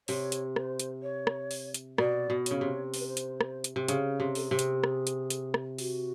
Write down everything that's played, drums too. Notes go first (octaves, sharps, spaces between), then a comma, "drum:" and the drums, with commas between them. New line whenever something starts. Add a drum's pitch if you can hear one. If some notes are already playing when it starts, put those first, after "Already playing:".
C3 C#5, drum: open hi-hat
drum: hi-hat
C5, drum: rim click
drum: hi-hat
C#5
drum: rim click
drum: open hi-hat
drum: hi-hat
B2 D5, drum: rim click
B2
C#3 C#5, drum: hi-hat
C3
C5, drum: open hi-hat
B4
C5
drum: hi-hat
drum: rim click
drum: hi-hat
C3
C#3, drum: hi-hat
C3
A4, drum: open hi-hat
G#4
C3 G4
G#4, drum: hi-hat
G#4, drum: rim click
drum: hi-hat
drum: hi-hat
drum: rim click
F#4, drum: open hi-hat